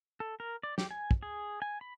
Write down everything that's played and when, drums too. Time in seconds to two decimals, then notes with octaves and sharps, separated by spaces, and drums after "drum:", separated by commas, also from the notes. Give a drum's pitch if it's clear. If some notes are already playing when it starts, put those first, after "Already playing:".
0.20 A4
0.40 A#4
0.63 D5
0.78 G4, drum: snare
0.91 G#5
1.11 drum: kick
1.23 G#4
1.62 G#5
1.81 B5